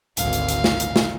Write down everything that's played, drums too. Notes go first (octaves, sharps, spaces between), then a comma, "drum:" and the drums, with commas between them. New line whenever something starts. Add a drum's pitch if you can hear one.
G#1 D2 F5, drum: hi-hat
drum: hi-hat
drum: hi-hat
drum: snare
drum: hi-hat
drum: snare